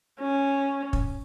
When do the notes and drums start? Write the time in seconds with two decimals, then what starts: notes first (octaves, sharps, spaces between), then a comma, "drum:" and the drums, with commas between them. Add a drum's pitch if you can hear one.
0.20 C#4
0.93 drum: kick